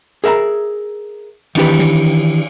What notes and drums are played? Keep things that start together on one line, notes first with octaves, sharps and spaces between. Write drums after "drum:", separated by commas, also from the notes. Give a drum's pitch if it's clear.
G#4 A#4 E5 G5 A#5
D#3 E3 D4 G4 B4, drum: cymbal
drum: snare